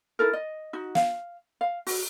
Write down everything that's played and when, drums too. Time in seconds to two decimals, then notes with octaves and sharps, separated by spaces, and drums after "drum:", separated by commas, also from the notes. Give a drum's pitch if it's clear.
0.19 D#4 E4 A4 A#4
0.33 D#5
0.73 D#4 F#4
0.95 F5, drum: snare
1.61 F5
1.87 F#4, drum: open hi-hat